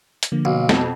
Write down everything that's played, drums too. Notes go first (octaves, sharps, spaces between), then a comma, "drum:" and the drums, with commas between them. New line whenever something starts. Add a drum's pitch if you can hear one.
drum: hi-hat
D3 F3 A#3
B1 F5
F2 B2, drum: snare